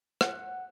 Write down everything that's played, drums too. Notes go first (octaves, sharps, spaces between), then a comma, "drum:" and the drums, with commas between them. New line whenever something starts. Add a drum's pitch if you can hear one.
F#5, drum: rim click